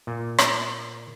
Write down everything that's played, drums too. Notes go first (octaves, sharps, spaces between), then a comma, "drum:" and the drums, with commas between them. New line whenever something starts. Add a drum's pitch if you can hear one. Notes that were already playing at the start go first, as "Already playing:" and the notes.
A#2
drum: rim click